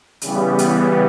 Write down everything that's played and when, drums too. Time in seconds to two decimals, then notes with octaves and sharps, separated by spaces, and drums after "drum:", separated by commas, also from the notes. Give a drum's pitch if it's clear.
0.22 C#3 E3 G3 B3, drum: hi-hat
0.59 drum: hi-hat